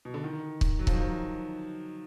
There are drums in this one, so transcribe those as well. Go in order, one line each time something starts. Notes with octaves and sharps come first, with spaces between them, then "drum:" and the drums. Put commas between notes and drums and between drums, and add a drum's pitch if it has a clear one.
B2
D3
D#3
drum: kick C#1
F#3
F3, drum: kick C#1
D#3
F3